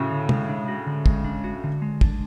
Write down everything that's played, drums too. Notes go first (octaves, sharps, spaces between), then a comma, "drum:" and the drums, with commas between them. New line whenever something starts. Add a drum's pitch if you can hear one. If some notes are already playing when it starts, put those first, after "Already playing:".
Already playing: A2 C#3 F#4
D3
G#3, drum: tom
D4
F#4
D3
G#3, drum: kick
D4
F#4
D3
G#3
D4, drum: kick